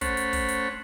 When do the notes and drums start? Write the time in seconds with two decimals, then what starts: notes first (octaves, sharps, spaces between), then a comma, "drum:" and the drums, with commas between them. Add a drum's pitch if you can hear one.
0.01 A3 C#4 C5 C#5 F#5 B5, drum: kick, hi-hat
0.17 drum: hi-hat
0.33 drum: kick, open hi-hat
0.49 drum: hi-hat